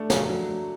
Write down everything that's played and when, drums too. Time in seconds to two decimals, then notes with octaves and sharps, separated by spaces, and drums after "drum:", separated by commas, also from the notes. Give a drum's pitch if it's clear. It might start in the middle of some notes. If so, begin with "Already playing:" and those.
Already playing: A3 D4
0.10 C#3 F#3, drum: snare
0.30 F#3
0.49 F#3